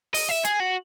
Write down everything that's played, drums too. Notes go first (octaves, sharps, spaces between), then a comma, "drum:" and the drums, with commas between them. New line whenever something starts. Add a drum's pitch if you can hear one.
D#5, drum: open hi-hat
E5
G#4, drum: hi-hat
F#4